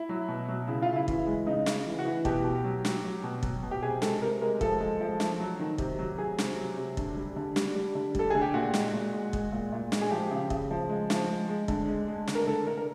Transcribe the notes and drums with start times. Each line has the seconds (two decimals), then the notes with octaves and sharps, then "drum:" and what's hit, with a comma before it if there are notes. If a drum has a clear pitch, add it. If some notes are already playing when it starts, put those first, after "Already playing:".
Already playing: E4
0.09 F#3
0.28 B2
0.48 F#3
0.68 C#3 E4
0.82 F4
0.88 C#3
0.96 E4
1.08 E3, drum: kick
1.26 G#3
1.47 C#3 D#4
1.66 C#3, drum: snare
1.87 E3
1.99 F#4
2.05 E3
2.25 B2 G4, drum: kick
2.44 B2
2.64 F#3
2.85 F#3, drum: snare
3.04 F#3
3.23 B2
3.43 F#3, drum: kick
3.63 B2
3.71 G4
3.82 C3 G#4
4.02 G#3 A4, drum: snare
4.21 C3 A#4
4.42 G#3 A#4
4.61 F3 A4, drum: kick
4.80 G#3
5.01 F3
5.20 F3, drum: snare
5.40 F#3
5.60 D#3
5.78 C3, drum: kick
5.99 F#3
6.18 F#3 G#4
6.38 C3, drum: snare
6.57 F#3
6.78 C3
6.97 D3, drum: kick
7.17 G3
7.36 D3
7.56 G3, drum: snare
7.75 G3
7.95 D3
8.15 G3 A4, drum: kick
8.30 D3 G#4
8.42 G4
8.54 A#2 F#4
8.74 G#3, drum: snare
8.93 A#2
9.13 G#3
9.33 G#3, drum: kick
9.52 A#2
9.72 A#2
9.92 G#3, drum: snare
10.01 G#4
10.11 F3 G4
10.31 C#3
10.50 C#3, drum: kick
10.71 F3
10.90 G#3
11.10 F3, drum: snare
11.29 G#3
11.49 G#3
11.68 D3, drum: kick
11.88 G#3
12.08 G#3
12.27 D3, drum: snare
12.35 A#4
12.47 D3 A4
12.67 D3 A#4
12.78 A#4